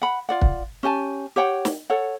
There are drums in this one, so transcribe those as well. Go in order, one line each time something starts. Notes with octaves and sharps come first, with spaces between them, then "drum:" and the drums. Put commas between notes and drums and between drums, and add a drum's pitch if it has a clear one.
F#5 B5
F4 D5 F#5
drum: kick
C#4 G4 G#5 A5
G4 C#5 F#5 G5
drum: snare
A4 C#5 F#5